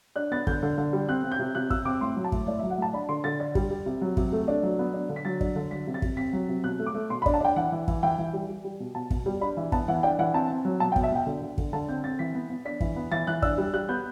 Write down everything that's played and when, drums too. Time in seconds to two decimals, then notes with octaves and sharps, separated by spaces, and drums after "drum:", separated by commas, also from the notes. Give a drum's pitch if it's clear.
0.16 D4 F#6
0.32 B3 A6
0.47 D3 G6, drum: kick
0.63 D3
0.78 D3
0.93 G3
1.09 C4 F#6
1.24 C4
1.31 G6
1.39 C3
1.55 C3 F#6
1.70 C3 E6, drum: kick
1.85 C4 D6
2.01 A2 C6
2.16 F#3
2.24 A5
2.32 A2, drum: kick
2.47 A2 D5
2.59 E5
2.63 F#3
2.70 F#5
2.78 A2 A5
2.93 D4 B5
3.09 D3 C6
3.24 D3 A6
3.40 D4 A6
3.55 G3, drum: kick
3.71 G3
3.86 C3
4.01 F#3
4.17 C3, drum: kick
4.33 A3
4.48 D4
4.63 F#3
4.79 B3
4.94 D4
5.09 D3
5.16 B6
5.25 F#3 A6
5.41 D4, drum: kick
5.56 D3
5.71 F#3 B6
5.87 C3
5.94 A6
6.02 C3, drum: kick
6.17 C4 B6
6.33 F#3
6.49 C3
6.64 B2 F#6
6.79 A3
6.86 D6
6.94 A3
7.10 B2 C6
7.22 B5
7.26 D4, drum: kick
7.34 A5
7.41 D4 G5
7.56 E3 F#5
7.72 E3
7.88 E3, drum: kick
8.03 E3 G5
8.18 E3
8.33 G3
8.49 G3
8.64 G3
8.80 B2
8.95 B2 A5
9.11 B2, drum: kick
9.26 G3
9.41 D4 B5
9.57 E3
9.72 B3 A5, drum: kick
9.88 E3 F#5
10.03 D4 G5
10.19 E3 F#5
10.34 C4 A5
10.50 C4
10.65 F#3
10.80 B2 A5
10.92 G5
10.96 B2, drum: kick
11.03 E5
11.12 B2 G5
11.26 D3
11.42 D3
11.58 D3, drum: kick
11.73 D3 A5
11.88 C4 G6
12.04 C4 A6
12.19 E3 B6
12.34 B3
12.50 B3
12.65 D4 B6
12.81 E3, drum: kick
12.96 B3
13.11 E3 A6
13.27 E3 F#6
13.42 D4 E6, drum: kick
13.58 G3
13.74 G3 F#6
13.89 B3 G6